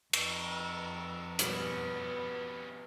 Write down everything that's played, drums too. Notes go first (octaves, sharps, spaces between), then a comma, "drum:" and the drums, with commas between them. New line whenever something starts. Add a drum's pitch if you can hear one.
F2, drum: cymbal
G#2 B2 G3 B3 C#4 E4, drum: hi-hat